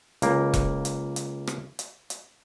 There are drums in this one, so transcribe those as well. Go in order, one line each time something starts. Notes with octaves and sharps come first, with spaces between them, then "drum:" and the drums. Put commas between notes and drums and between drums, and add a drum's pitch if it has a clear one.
C#2 A#3, drum: hi-hat
drum: kick E1, hi-hat
drum: hi-hat
drum: hi-hat
drum: rim click
drum: hi-hat
drum: hi-hat